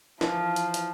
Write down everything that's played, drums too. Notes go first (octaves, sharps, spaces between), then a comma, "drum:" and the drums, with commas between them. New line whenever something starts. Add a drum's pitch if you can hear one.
E3 F3, drum: snare
drum: hi-hat
drum: hi-hat